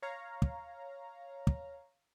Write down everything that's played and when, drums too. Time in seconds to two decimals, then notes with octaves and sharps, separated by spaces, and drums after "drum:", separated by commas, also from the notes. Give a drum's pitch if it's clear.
0.02 C#5 F5 A#5
0.42 drum: kick
1.47 drum: kick